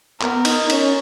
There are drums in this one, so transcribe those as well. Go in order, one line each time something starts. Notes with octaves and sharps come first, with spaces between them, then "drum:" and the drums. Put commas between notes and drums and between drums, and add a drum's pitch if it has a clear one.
B3 A#4, drum: clap
D#4, drum: cymbal
C#4, drum: cymbal